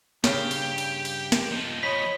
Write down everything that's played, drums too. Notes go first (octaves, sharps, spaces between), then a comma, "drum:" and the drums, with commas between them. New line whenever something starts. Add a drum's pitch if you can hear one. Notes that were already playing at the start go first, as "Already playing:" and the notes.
G2 C#3 G4, drum: snare
drum: cymbal
drum: cymbal
drum: cymbal
drum: snare
F3 D#4
C#5 D#5 B5 B6